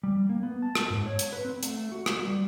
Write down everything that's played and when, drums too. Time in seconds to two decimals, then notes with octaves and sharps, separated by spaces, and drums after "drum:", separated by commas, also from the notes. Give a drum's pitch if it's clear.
0.03 G3
0.29 A#3
0.43 B3
0.62 A5
0.75 drum: rim click
0.90 G#2
1.06 C#5
1.19 drum: hi-hat
1.33 B4
1.45 C4
1.63 A3, drum: hi-hat
1.92 F#4
2.06 drum: rim click
2.25 G3